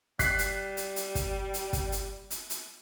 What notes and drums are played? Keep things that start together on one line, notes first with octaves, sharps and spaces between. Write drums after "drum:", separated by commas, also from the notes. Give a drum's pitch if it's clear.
G3 F#6 B6 C7, drum: kick, hi-hat
drum: hi-hat
drum: hi-hat
drum: hi-hat
drum: kick, hi-hat
drum: hi-hat
drum: kick, hi-hat
drum: hi-hat
drum: hi-hat
drum: hi-hat